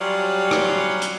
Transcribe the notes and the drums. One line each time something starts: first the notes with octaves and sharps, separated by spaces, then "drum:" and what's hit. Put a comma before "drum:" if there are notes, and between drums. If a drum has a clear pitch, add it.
F#3 G3 C#4 F4 D5 F#5
drum: rim click
drum: hi-hat